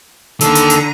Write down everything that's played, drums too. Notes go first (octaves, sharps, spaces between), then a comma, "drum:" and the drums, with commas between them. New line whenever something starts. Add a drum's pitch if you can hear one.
D3 D#3 A#3 A4 A#5, drum: hi-hat
drum: hi-hat
drum: hi-hat